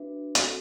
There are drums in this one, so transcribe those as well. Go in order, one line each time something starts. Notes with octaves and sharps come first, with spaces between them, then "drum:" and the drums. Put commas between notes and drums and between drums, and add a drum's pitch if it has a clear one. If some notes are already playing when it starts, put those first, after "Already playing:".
Already playing: D4 F#4 B4 E5
C4 F#4 A4, drum: hi-hat